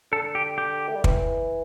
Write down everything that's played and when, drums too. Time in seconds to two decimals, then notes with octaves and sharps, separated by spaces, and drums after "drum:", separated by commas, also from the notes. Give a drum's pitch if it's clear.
0.12 D3 A4
0.35 G4
0.58 G4
0.89 A3
0.96 G3
1.04 E3, drum: kick